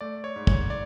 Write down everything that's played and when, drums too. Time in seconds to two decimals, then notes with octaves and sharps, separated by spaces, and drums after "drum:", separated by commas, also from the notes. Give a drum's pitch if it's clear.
0.01 A3 D5
0.24 C#5
0.36 G#2
0.47 C#5, drum: kick
0.70 D5